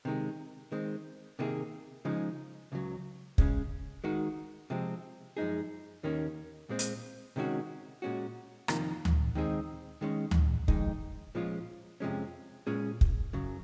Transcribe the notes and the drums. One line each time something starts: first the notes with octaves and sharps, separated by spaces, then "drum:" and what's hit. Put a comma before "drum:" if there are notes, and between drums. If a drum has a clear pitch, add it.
C3 D#3 G#3
D#3 G#3 C4
C3 D#3 A#3 F4 G#4
C#3 F3 G#3 D#4 G#4
C#2 C#3 F#3
C#3 G#3 C#4, drum: kick
D#3 G#3 D#4 F#4
C3 F3 G#3 C4
F#2 F3 G#3 D#4 G#4
D#2 D#3 A#3 C#4
A#2 G#3 C4
drum: hi-hat
C3 D#3 G#3 C#4 F#4
A#2 G#3 C#4 F#4
F2 C3 D#3 A#3 F4, drum: rim click
drum: tom D2
D#3 G#3 C4 D#4 G#4
D#3 G#3 C#4
drum: tom D2
F2 D#3 G#3 D#4, drum: kick
A#2 F3 G#3 C#4 F4
F2 C3 F3 G#3 C#4
A#2 G#3 C#4 F4 G#4
drum: kick
F#2 C#3 F#3